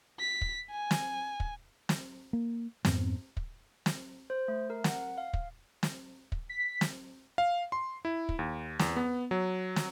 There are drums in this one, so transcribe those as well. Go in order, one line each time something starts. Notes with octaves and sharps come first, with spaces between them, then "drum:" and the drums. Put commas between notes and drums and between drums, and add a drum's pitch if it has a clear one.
B6
drum: kick
G#5
drum: snare
drum: kick
drum: snare
A#3
F2 G#2 B3 C4, drum: snare
drum: kick
drum: snare
C5
A3
A#4
F#5, drum: snare
F5
drum: kick
drum: snare
drum: kick
B6
drum: snare
F5
C6
E4
drum: kick
D#2
E2, drum: snare
B3
F#3
drum: snare